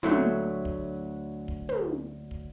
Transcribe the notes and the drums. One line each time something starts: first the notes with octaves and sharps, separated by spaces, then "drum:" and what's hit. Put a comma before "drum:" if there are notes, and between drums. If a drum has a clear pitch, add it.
D2 F#3 A3, drum: tom
drum: kick
drum: kick
drum: tom
drum: kick